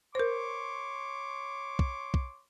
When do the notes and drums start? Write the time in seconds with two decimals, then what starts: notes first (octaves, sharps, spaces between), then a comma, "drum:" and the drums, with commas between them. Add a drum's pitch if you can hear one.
0.15 A#4 C5 C#5 C6 D6
1.79 drum: kick
2.14 drum: kick